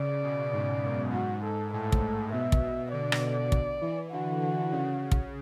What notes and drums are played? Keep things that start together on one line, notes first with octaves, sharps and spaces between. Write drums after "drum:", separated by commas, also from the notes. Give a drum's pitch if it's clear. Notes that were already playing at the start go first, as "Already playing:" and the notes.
Already playing: C#3 D5
B2
G#2
F#2
G#2 F#4
A4
A2 A4
drum: kick
B2 E5
drum: kick
D3 D5
drum: rim click
drum: kick
E3
D3 F#4
D3
C#3
drum: kick